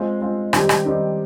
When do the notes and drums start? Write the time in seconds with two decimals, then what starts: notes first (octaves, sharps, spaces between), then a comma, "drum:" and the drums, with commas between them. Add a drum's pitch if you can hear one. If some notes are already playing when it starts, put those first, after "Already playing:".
Already playing: G#3 C4 F4
0.21 G#3 C4 F4
0.53 D#3 G3 C4 D#4 G4, drum: rim click
0.69 drum: rim click
0.85 D#3 G3 C4 D#4 G4